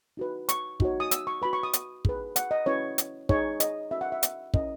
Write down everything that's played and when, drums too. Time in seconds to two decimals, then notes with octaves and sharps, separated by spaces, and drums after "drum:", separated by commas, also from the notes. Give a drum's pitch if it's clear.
0.17 D#4 F#4 B4
0.49 C#6, drum: hi-hat
0.80 D#4 F#4 C#5, drum: kick
1.00 D#6
1.11 E6, drum: hi-hat
1.27 C#6
1.42 F#4 B4 B5
1.53 C#6
1.63 D#6
1.73 drum: hi-hat
2.05 D#4 G#4 B4, drum: kick
2.36 F#5, drum: hi-hat
2.51 D#5
2.66 C#4 E4 B4 C#5
2.98 drum: hi-hat
3.29 D#4 G#4 C#5, drum: kick
3.60 D#5, drum: hi-hat
3.91 C#4 F#4 A#4 E5
4.01 F#5
4.12 E5
4.23 drum: hi-hat
4.54 C#4 E4 A#4 D#5, drum: kick